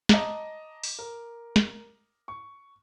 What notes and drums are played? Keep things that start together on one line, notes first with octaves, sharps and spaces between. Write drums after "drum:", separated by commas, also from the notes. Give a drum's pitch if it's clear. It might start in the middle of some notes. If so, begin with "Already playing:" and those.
D#5 A5 A#5 D6, drum: snare
drum: open hi-hat
A#4
drum: snare
C#6